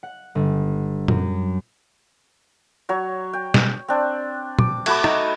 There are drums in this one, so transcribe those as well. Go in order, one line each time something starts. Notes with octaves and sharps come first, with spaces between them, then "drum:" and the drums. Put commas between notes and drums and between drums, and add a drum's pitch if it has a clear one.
F#5
G1
F#2, drum: tom
F#3 C#5
G5
drum: snare
C4 D4
D6, drum: tom
A3 F#4 B5 D6, drum: cymbal
D#4, drum: rim click